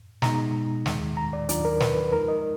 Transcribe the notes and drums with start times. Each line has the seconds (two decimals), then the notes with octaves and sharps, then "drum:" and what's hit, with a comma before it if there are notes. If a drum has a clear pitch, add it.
0.22 B2 G#3 D#4 A#5, drum: snare
0.86 D#2 D#3 G#3, drum: snare
1.17 A#5
1.33 D5
1.49 D#2 D#3 F#3 D4 F4 D5, drum: hi-hat
1.65 A#4
1.80 B4, drum: snare
2.12 F2 F3 G#3 D#4 A#4
2.28 D#5